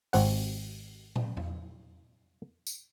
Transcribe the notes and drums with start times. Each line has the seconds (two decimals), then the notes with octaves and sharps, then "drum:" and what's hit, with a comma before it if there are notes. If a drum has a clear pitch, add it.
0.13 G#1 C4 F#5, drum: open hi-hat
1.16 drum: tom
1.37 drum: tom E2
2.67 drum: tambourine